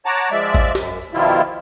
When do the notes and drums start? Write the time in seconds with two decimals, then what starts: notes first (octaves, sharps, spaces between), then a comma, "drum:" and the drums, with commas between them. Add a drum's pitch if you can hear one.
0.06 C#5 F#5 A5 A#5 D6
0.31 F3 G#3 D5 E5, drum: tambourine
0.55 drum: kick G#1, tambourine
0.75 F#2, drum: snare
1.01 drum: tambourine
1.14 B2 D#3 F3 G3 E4 F4
1.25 drum: tambourine